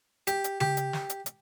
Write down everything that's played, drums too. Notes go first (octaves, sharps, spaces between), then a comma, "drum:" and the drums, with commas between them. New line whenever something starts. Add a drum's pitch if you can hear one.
G4, drum: hi-hat
drum: hi-hat
G4, drum: tom C#3
drum: hi-hat
drum: snare
drum: hi-hat
drum: hi-hat